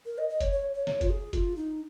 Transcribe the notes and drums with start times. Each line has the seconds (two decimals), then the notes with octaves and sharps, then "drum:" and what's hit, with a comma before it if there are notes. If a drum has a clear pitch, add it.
0.06 A#4
0.18 D#5
0.29 D#5
0.41 C#5, drum: kick F#1, hi-hat
0.52 C#5
0.75 C#5
0.87 C#5, drum: snare
1.01 F4, drum: kick F#1, hi-hat
1.10 G#4
1.33 F4, drum: kick F#1, hi-hat
1.56 D#4